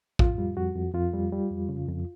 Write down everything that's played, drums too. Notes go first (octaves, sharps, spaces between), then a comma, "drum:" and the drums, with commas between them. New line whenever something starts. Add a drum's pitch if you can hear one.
F2 F4, drum: kick
G3
F2 F#4
F2
F2 F4
G3
G3
F2
C#3
F2